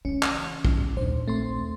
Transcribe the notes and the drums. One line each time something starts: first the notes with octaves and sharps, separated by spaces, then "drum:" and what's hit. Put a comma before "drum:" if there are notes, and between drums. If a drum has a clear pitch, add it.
C#3 E3 C#4
drum: clap
drum: kick B1
A#1 D#2 C5
A3 C4 C6